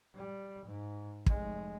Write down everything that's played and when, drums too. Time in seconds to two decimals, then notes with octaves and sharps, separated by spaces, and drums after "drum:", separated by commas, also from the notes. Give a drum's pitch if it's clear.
0.15 G3
0.67 G#2
1.26 F1 G#3, drum: kick